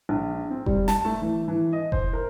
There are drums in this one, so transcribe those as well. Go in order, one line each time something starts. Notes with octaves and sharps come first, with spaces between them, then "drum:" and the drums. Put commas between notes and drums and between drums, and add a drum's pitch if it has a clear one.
A#1
C4
G3, drum: kick F1
A5, drum: snare
A3
E3
E3
D#5
C5, drum: kick F1
A#4